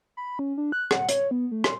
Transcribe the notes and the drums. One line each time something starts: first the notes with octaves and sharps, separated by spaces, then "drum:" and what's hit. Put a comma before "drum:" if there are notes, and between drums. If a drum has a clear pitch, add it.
B5
C#4
D4
F#6
F#5, drum: rim click
C#5, drum: hi-hat
B3
A3
C6, drum: rim click